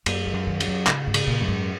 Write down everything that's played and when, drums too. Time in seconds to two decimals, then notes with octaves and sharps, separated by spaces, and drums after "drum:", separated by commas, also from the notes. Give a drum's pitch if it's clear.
0.06 F#2 A#3, drum: cymbal
0.26 G#3
0.34 F#2
0.47 D#3
0.60 F#3, drum: cymbal
0.67 F#2
0.87 G#2 C#3, drum: clap
1.07 G#2
1.14 C#3, drum: cymbal
1.27 A#2
1.41 F#2
1.48 G#2